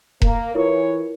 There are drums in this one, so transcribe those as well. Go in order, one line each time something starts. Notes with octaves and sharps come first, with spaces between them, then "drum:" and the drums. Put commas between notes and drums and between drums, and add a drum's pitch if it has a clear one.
A#3, drum: kick E1
E3 E4 F4 A#4 C#5